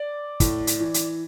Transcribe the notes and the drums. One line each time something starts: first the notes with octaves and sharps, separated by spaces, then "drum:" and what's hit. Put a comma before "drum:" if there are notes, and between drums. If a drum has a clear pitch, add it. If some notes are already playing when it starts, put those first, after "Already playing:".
Already playing: D5
A2, drum: kick, hi-hat
drum: hi-hat
E3
drum: hi-hat